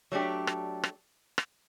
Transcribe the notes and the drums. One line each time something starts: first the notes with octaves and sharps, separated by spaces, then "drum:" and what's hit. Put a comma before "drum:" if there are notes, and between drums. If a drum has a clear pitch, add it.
F#3 A3 D4 G4
drum: rim click
drum: rim click
drum: rim click